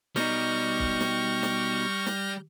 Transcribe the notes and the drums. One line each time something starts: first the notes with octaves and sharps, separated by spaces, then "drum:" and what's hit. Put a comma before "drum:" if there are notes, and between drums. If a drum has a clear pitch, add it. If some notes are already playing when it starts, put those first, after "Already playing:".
B2 G3 D#4 C#6 F6 G6 A#6, drum: snare
drum: kick
drum: snare
drum: snare
drum: snare